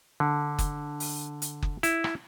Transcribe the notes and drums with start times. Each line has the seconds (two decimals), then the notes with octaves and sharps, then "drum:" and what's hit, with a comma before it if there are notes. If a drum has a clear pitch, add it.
0.20 D3
0.59 drum: kick F#1, hi-hat
1.00 drum: open hi-hat
1.42 drum: hi-hat
1.62 drum: kick F#1
1.83 E4, drum: hi-hat
2.04 drum: rim click